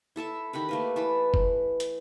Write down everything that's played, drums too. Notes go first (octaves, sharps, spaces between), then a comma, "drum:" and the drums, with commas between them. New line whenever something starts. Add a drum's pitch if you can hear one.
E4 A4 E5 A5
D#3 G4 F#5 B5
A3 A#3 B4
E3 A5 B5
drum: kick F#1
drum: hi-hat